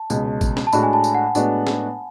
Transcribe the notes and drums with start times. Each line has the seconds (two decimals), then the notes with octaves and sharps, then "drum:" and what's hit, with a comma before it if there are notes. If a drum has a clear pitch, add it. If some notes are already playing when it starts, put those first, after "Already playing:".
Already playing: A5
0.10 C#2 B2 G#3, drum: tambourine
0.41 drum: kick G#1, tambourine
0.57 drum: snare
0.67 A5
0.73 A2 G#3 D4 F#4 B5, drum: tambourine
0.83 G#5
0.93 A5
1.04 drum: tambourine
1.15 F#5
1.35 A2 G#3 B3 D4 F#4, drum: tambourine
1.67 drum: snare